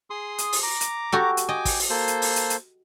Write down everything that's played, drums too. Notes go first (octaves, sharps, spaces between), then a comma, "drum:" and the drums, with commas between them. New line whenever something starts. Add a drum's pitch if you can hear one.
G#4 C6 D#6
drum: hi-hat
drum: open hi-hat
A#5 D6
drum: hi-hat
F#4 G4 A4
drum: hi-hat
D#5 G5 G#5 D6
drum: kick, open hi-hat
drum: open hi-hat
A#3 A4 C5
drum: hi-hat
drum: open hi-hat
drum: hi-hat
drum: hi-hat